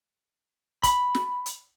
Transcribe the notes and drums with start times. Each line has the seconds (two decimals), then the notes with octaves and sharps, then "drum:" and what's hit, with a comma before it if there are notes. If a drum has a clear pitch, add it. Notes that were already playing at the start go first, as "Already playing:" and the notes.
0.83 B5, drum: kick, hi-hat
1.15 drum: snare
1.46 drum: hi-hat